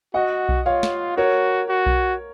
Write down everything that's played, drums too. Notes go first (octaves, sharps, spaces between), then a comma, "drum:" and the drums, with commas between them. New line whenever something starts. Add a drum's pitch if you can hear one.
F#4 D#5 F#5
drum: kick B1
F4 C#5 F5
drum: snare
F#4 A#4 C#5
F#4
drum: kick B1